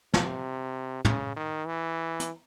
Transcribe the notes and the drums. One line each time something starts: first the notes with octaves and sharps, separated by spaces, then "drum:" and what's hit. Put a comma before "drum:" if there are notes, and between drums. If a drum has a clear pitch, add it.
C3, drum: snare
C#3, drum: tom
D#3
E3
drum: hi-hat